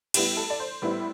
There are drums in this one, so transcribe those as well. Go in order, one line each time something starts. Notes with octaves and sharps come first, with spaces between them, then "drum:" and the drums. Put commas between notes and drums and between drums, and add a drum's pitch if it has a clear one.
A2 G3 B3 E4 G4, drum: cymbal
A4
D5
C5
A2 G3 B3 E4